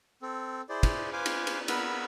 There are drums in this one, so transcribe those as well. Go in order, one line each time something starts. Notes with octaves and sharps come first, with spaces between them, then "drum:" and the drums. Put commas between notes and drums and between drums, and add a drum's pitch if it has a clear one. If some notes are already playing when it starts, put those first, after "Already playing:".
C4 A4
E4 G#4 C5 D5
drum: kick, cymbal
B4 C5 F5 G#5 D6
drum: cymbal
drum: cymbal
B3 A#4 B4 F#5 B5 E6, drum: cymbal